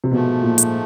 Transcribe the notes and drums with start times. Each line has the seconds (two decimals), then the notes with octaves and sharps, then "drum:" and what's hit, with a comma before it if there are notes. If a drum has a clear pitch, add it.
0.04 C3
0.11 G#2 B2 F3 A3
0.42 A#2
0.58 drum: hi-hat